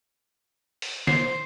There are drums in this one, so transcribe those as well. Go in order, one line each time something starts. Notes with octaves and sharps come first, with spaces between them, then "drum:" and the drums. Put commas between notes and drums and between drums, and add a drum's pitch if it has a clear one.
drum: open hi-hat
C5 C7, drum: snare